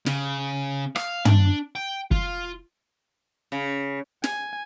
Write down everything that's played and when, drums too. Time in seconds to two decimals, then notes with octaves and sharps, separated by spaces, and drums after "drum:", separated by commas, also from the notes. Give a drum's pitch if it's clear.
0.06 C#3, drum: snare
0.96 F5, drum: rim click
1.25 D4, drum: tom
1.75 G5
2.11 F4, drum: kick
3.52 C#3
4.24 G#5, drum: snare